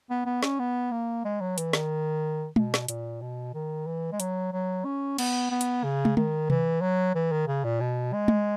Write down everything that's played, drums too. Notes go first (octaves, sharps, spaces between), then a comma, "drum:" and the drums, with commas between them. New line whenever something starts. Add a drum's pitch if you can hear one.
B3
B3
C#4, drum: snare
B3
A#3
G#3
F#3
E3, drum: hi-hat
D#3, drum: snare
B2, drum: tom
drum: snare
A#2, drum: hi-hat
B2
D#3
E3
G#3
F#3, drum: hi-hat
F#3
C#4
B3, drum: cymbal
B3
drum: hi-hat
C#3
drum: tom
D#3, drum: tom
E3, drum: tom C3
F#3
E3
D#3
C#3
A#2
B2
G#3
drum: tom